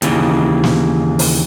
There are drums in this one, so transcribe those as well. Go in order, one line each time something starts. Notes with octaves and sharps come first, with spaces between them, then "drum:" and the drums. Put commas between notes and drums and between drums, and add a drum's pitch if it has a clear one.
D#2 C#3 E3, drum: hi-hat
drum: snare
drum: open hi-hat